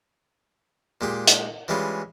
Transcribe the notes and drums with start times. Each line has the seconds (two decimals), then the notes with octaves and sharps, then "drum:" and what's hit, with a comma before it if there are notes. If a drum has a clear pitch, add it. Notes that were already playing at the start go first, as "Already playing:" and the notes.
1.01 A#2 G#3 G4
1.27 drum: hi-hat
1.68 E3 G3 G#3 C#4 F4